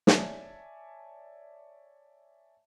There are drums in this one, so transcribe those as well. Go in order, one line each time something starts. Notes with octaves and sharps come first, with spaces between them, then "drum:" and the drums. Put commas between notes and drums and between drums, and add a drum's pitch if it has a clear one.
C#5 D5 E5 G#5 A5, drum: snare